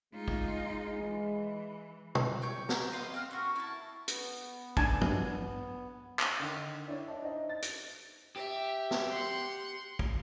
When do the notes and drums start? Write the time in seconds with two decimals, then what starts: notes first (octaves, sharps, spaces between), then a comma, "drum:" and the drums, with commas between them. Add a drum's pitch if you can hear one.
0.14 G#3 D#4 F4
0.28 drum: kick
1.00 E3
2.15 drum: tom
2.42 G4 C#5 G6
2.69 A#5 G6, drum: snare
2.92 B4 D#5 F5 C6
3.14 C4 F#5 F6
3.31 C#4 F#4 A#4
3.56 E4 A5
4.08 B3, drum: hi-hat
4.77 D4 G#5 A5, drum: kick
5.01 drum: tom
6.19 drum: clap
6.40 D3 D#3
6.88 D4 E4 C#5
7.08 D4 D#5 A5
7.22 D#4 C5 D#5 E5
7.50 A6
7.62 drum: hi-hat
8.36 G4 E5
8.91 drum: snare
9.10 F#5 C6
9.99 drum: kick